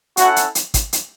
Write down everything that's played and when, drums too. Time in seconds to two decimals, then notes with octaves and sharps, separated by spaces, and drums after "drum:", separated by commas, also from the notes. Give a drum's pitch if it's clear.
0.17 C#4 E4 F#4 A4 F#5, drum: hi-hat
0.36 drum: hi-hat
0.55 drum: hi-hat
0.74 drum: kick, hi-hat
0.93 drum: hi-hat